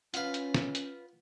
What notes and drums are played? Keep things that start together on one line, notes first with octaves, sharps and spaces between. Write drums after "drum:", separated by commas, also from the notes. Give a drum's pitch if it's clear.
C#4 F4 B4 F5 F#5, drum: hi-hat
drum: hi-hat
drum: snare
drum: hi-hat